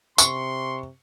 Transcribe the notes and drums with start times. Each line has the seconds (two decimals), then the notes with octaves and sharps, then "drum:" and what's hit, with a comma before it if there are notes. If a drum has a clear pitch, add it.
0.18 C3 C6 C#6, drum: tambourine